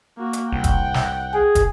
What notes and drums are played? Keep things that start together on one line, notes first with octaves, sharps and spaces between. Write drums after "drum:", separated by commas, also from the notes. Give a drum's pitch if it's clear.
A#3 F#4
drum: hi-hat
C2 F#5 G5
drum: kick, hi-hat
drum: snare
G#4
drum: kick, hi-hat